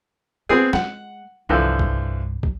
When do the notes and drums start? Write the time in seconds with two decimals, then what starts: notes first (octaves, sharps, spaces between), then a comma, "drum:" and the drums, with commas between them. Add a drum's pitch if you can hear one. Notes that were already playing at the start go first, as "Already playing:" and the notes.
0.49 G#3 B3 C4 G#4
0.73 G#3 F#5, drum: snare
1.49 C2 G2 D3 E3 F3
1.79 drum: kick
2.43 drum: kick